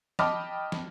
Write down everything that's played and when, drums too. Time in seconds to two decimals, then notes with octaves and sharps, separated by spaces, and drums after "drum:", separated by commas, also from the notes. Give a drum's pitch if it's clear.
0.19 D#5 G5 A5 B5 D6 F6, drum: snare
0.72 drum: snare